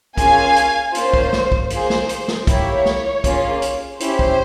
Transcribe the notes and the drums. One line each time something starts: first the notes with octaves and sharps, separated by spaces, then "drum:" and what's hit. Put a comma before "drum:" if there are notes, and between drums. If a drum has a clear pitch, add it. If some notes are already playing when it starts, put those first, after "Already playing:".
A#3 C#4 F4 G#4 F5 G#5, drum: kick, hi-hat
drum: hi-hat
A#3 C#4 F4 C5, drum: hi-hat
drum: kick
drum: snare
drum: kick
A#3 F4 G#4 C5, drum: hi-hat
drum: snare
drum: hi-hat
drum: snare
A#3 E4 G4 C#5, drum: kick, hi-hat
drum: snare
A#3 C#4 F4 G#4, drum: kick, hi-hat
drum: hi-hat
C#4 E4 G4 C5, drum: hi-hat
drum: kick